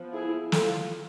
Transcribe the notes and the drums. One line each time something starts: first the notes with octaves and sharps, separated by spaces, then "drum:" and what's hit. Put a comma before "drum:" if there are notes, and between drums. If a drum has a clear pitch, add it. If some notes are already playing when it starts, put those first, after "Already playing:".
Already playing: F3 B3
E4 G#4
F4 A4, drum: snare